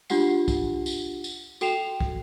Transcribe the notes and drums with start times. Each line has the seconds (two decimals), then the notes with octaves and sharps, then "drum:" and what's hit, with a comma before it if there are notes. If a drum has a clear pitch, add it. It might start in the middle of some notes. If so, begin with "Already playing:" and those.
0.10 D4 F4 G4 F#5 C7, drum: tambourine
0.48 drum: kick, tambourine
0.86 drum: tambourine
1.24 drum: tambourine
1.61 F#4 A4 G5 C7 E7 F7, drum: tambourine
2.00 drum: kick